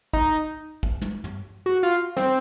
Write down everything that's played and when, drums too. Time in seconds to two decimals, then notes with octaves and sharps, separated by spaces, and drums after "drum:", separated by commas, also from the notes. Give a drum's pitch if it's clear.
0.13 D#4, drum: kick
0.83 drum: kick
1.02 drum: tom
1.24 drum: tom
1.66 F#4
1.83 F4
2.17 C4, drum: snare